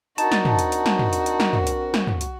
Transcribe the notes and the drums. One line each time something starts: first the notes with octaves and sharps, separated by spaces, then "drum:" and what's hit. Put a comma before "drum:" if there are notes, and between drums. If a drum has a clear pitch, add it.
C4 D4 D#4 F#4 A#4 A5, drum: hi-hat
drum: snare
drum: tom
drum: hi-hat
drum: hi-hat
drum: snare
drum: tom
drum: hi-hat
drum: hi-hat
drum: snare
drum: tom
drum: hi-hat
drum: snare
drum: tom
drum: hi-hat